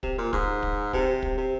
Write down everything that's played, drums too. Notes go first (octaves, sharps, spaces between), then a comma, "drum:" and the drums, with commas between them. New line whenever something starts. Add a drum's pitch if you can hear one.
C3, drum: kick
A#2
G#2, drum: kick
drum: kick
C3, drum: kick
drum: kick
C3